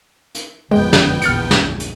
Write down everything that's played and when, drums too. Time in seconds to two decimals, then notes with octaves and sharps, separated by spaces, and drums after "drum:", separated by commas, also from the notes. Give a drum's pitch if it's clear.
0.35 drum: hi-hat
0.71 G#1 F2 D3 G#3 B3 G5
0.93 drum: snare
1.22 A#1 E2 F6 A6 C#7, drum: hi-hat
1.51 drum: snare
1.80 drum: hi-hat